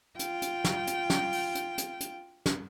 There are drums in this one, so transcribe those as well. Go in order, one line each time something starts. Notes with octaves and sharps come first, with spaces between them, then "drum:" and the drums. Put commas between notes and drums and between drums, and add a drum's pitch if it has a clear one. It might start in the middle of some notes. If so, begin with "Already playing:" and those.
F4 G5, drum: hi-hat
drum: hi-hat
drum: snare
drum: hi-hat
drum: snare
drum: open hi-hat
drum: hi-hat
drum: hi-hat
drum: hi-hat
drum: snare